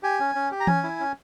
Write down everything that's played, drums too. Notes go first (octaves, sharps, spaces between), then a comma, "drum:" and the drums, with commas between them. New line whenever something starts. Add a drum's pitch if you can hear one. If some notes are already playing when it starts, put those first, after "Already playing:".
G4 G#5
C#4
C#4
G4
A#5
C#4 G#5, drum: tom E3
E4
C#4